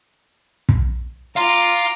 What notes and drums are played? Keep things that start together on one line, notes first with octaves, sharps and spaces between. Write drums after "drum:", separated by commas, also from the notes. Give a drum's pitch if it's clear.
drum: kick
F5 A#5 C6 D6